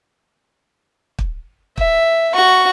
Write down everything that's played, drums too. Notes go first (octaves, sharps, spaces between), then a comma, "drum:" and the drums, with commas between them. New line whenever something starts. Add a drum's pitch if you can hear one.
drum: kick
E5, drum: kick
F#4 C#6